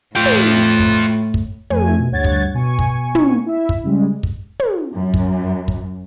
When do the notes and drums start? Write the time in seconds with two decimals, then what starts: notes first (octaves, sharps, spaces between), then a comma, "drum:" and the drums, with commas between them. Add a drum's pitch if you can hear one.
0.16 A2 F4 G5
0.26 drum: tom
0.80 drum: kick
1.34 drum: kick
1.70 F2 A3 G#5, drum: tom
1.99 B2
2.12 D2 G2 C#5 F#5 G#6 A6
2.24 drum: kick
2.54 B2 G#5 C#6
2.79 drum: kick
3.15 drum: tom
3.46 E4 E5
3.69 drum: kick
3.84 C#3 G3 G#3
4.23 drum: kick
4.59 drum: tom
4.95 F#2
5.14 drum: kick
5.68 drum: kick